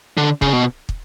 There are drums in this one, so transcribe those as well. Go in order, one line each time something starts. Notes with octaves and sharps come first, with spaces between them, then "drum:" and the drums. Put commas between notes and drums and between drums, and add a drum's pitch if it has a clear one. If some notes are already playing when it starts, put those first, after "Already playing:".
D3
C#3, drum: kick
B2
drum: kick